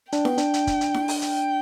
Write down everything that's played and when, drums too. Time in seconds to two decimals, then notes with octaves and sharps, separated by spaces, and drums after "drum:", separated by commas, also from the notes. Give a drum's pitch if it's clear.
0.12 D4 G5, drum: hi-hat
0.25 B3, drum: snare E4
0.38 D4, drum: hi-hat
0.54 drum: hi-hat
0.67 drum: kick, hi-hat
0.81 drum: hi-hat
0.94 drum: snare E4
1.08 drum: open hi-hat
1.22 G5, drum: hi-hat